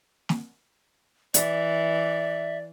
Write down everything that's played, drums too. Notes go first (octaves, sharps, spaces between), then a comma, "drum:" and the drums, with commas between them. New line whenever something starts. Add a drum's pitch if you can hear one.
drum: snare
E3 D5 E5, drum: hi-hat